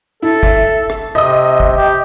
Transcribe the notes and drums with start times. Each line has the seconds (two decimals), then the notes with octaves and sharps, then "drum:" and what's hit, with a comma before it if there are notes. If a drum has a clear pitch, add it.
0.22 E4 A4
0.43 E5, drum: kick
0.90 drum: rim click
1.15 C3 D#5 D#6
1.60 drum: kick
1.77 G4